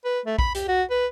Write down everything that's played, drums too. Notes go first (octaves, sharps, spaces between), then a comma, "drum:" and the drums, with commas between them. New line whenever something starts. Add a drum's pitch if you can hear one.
B4
A3
B5, drum: kick A#1
G4, drum: hi-hat
F#4
B4